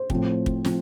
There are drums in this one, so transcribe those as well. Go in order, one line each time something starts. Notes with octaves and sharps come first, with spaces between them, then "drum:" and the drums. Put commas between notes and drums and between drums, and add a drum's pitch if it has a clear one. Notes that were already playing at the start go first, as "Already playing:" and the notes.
Already playing: C5
A2 F3 C4, drum: kick
drum: kick
F3 C4, drum: snare